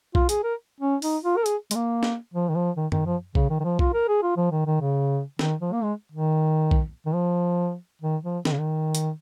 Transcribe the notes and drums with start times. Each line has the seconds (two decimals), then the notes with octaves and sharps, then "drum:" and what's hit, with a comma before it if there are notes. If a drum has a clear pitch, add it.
0.15 F4, drum: kick
0.29 G#4, drum: hi-hat
0.44 A#4
0.80 C#4
1.02 D#4, drum: open hi-hat
1.24 F4
1.37 A#4
1.46 G#4, drum: hi-hat
1.71 G#3, drum: hi-hat
1.75 A#3
2.03 drum: snare
2.34 F3
2.49 D#3
2.55 F3
2.77 D#3
2.92 D#3, drum: tom F#2
3.06 F3
3.35 C#3, drum: kick
3.50 D#3
3.60 D#3
3.64 F3
3.79 F4, drum: kick
3.94 A#4
4.08 G#4
4.23 F4
4.37 F3
4.51 D#3
4.66 D#3
4.81 C#3
5.39 D#3, drum: snare
5.61 F3
5.73 A#3
5.83 G#3
6.12 D#3
6.71 drum: kick
7.06 D#3
7.14 F3
8.02 D#3
8.23 F3
8.45 D#3, drum: snare
8.52 C#3
8.60 D#3
8.95 drum: hi-hat